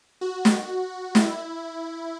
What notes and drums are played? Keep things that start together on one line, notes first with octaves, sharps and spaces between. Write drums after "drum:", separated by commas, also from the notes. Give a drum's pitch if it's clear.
F#4
drum: snare
E4, drum: snare